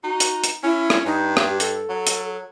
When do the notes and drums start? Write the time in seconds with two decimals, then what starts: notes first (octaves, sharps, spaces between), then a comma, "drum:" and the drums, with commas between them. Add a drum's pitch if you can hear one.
0.04 D#4 F#4
0.20 drum: hi-hat
0.44 drum: hi-hat
0.64 C#4 E4
0.90 drum: rim click
1.06 G2 D#4
1.37 drum: rim click
1.48 G4
1.60 A4, drum: hi-hat
1.89 F#3
2.07 drum: hi-hat